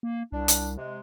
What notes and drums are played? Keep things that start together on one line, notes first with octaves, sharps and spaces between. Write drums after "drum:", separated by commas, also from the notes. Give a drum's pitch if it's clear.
A#3
C2 D4
drum: hi-hat
C3 G#3